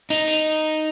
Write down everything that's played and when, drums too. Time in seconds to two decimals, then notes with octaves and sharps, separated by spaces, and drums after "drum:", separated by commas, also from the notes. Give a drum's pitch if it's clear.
0.10 D#4, drum: open hi-hat
0.27 drum: open hi-hat